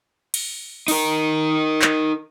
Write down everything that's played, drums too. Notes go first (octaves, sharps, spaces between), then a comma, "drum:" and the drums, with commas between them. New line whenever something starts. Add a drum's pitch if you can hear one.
drum: cymbal
D#4 A#4, drum: open hi-hat
drum: clap